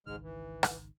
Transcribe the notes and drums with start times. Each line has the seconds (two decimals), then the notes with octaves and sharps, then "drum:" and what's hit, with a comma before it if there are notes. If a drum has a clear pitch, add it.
0.07 G#1 C#2 G#2 D#3 G#3 F6
0.22 E3
0.63 drum: rim click